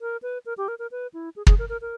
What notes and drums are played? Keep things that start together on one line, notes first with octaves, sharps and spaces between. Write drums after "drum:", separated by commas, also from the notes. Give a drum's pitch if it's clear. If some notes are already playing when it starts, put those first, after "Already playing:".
A#4
B4
A#4
G4
A#4
A#4
B4
E4
G#4
G#4, drum: kick
A#4
A#4
A#4